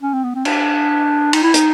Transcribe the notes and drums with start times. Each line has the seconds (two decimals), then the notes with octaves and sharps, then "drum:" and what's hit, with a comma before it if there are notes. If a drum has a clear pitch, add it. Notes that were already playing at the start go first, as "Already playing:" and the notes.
0.02 C#4
0.13 C4
0.24 B3
0.35 C4
0.45 D4, drum: cymbal
1.33 D#4, drum: cymbal
1.43 E4
1.54 D#4, drum: hi-hat